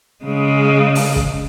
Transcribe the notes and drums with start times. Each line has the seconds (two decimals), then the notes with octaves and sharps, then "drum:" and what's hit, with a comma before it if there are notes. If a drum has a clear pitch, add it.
0.24 C#3 G#3
0.95 drum: open hi-hat
1.16 drum: kick